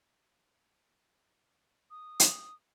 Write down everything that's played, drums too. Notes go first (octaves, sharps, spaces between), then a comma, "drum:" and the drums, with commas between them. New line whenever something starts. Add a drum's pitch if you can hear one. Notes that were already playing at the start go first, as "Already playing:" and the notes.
D#6
drum: hi-hat